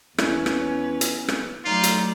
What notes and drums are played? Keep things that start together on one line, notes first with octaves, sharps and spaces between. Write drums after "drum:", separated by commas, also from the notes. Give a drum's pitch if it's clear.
E2 C#4 E4 B4, drum: rim click
drum: rim click
drum: hi-hat
drum: rim click
F#3 A3 D#4 F4 D5
drum: hi-hat